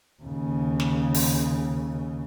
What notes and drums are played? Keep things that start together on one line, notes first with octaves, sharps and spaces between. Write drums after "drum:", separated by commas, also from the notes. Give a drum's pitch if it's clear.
D#2 C#3
drum: snare
drum: open hi-hat